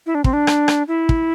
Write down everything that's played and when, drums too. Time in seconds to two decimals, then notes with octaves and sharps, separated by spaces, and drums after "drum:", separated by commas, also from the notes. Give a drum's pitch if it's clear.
0.06 E4
0.15 D4
0.24 C4, drum: kick
0.33 D4
0.47 drum: rim click
0.68 drum: rim click
0.88 E4
1.09 drum: kick